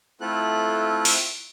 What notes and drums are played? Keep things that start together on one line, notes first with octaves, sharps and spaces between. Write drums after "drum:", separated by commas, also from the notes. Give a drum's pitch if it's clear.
A3 C4 E4 F4 A4 F#6
drum: open hi-hat